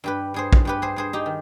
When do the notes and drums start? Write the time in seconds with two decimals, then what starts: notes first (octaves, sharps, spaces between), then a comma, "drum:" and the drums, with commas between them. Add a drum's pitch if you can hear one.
0.04 G2 G4 B4
0.34 G2 G#4 C5
0.53 drum: kick A#1
0.65 G2 G4 B4
0.82 G#4 C5
0.96 G2 G#4 C5
1.13 D#4 G4
1.26 D#3